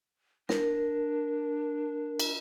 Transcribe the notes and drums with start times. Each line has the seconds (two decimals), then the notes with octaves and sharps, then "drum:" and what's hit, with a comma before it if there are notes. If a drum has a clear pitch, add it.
0.49 D4 A#4, drum: snare
2.20 drum: cymbal